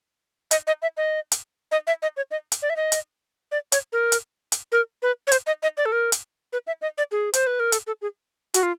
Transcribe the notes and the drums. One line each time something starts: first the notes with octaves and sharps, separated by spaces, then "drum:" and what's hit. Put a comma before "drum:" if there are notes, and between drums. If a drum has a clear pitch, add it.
D#5, drum: hi-hat
D#5
E5
D#5
drum: hi-hat
D#5
E5
D#5
C#5
D#5
drum: hi-hat
D5
E5
D#5
drum: hi-hat
D5
C#5, drum: hi-hat
A#4
drum: hi-hat
drum: hi-hat
A#4
B4
C#5
C5, drum: hi-hat
D#5
D#5
D5
A4
A#4
drum: hi-hat
B4
E5
D#5
D5
G#4
C5, drum: hi-hat
B4
A#4
A4, drum: hi-hat
A4
G#4
F#4, drum: hi-hat
F4